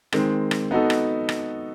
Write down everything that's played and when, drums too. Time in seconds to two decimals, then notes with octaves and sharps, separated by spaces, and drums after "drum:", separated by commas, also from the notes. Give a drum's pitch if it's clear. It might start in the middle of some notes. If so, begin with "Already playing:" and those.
0.12 D#3 G#3 C4, drum: rim click
0.51 drum: rim click
0.71 B3 D#4 F#4 A4
0.90 drum: rim click
1.29 drum: rim click